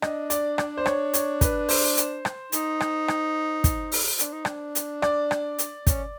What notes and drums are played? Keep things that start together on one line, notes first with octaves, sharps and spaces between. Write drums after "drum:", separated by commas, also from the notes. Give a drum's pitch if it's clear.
D4 D#5, drum: rim click
D5, drum: hi-hat
D5, drum: rim click
C5
C#5, drum: rim click
C#5, drum: hi-hat
B4, drum: kick, hi-hat
C5, drum: open hi-hat
drum: hi-hat
drum: rim click
D#4, drum: hi-hat
drum: rim click
drum: rim click
drum: kick, hi-hat
drum: open hi-hat
D4, drum: hi-hat
D#4
D4, drum: rim click
drum: hi-hat
D5, drum: rim click
drum: rim click
drum: hi-hat
C#4, drum: kick, hi-hat